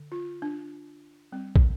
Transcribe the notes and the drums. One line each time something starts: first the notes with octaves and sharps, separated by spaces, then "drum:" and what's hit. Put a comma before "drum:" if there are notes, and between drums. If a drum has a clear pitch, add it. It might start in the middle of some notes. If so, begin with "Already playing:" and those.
Already playing: D3
F4
D4
G3 C4
drum: kick